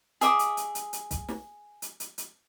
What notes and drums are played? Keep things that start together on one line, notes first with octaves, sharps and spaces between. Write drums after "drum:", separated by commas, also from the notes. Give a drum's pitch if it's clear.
G#4 E5 D6 D#6, drum: hi-hat
drum: hi-hat
drum: hi-hat
drum: hi-hat
drum: hi-hat
drum: kick, hi-hat
drum: snare
drum: hi-hat
drum: hi-hat
drum: hi-hat